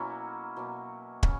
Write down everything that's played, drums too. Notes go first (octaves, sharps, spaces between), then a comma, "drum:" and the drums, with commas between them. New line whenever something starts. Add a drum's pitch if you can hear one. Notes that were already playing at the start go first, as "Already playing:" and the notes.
Already playing: B2 F#3 A#3 C#4 E4
B2 F#3 A#3
C#3 C#4, drum: kick